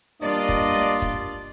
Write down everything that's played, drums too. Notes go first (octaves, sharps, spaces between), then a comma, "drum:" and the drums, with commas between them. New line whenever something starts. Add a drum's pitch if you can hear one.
G3 A#3 D4 F4 D5 D#5
drum: kick
drum: snare D4
drum: kick